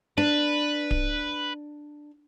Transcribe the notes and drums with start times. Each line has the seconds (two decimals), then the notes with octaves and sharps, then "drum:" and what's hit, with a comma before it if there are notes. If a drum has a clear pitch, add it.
0.18 D4 B4
0.91 drum: kick D1